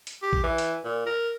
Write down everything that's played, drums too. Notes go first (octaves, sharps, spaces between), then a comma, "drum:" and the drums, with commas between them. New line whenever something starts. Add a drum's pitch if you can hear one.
drum: hi-hat
G4
drum: kick A1
E3
drum: hi-hat
A#2
A#4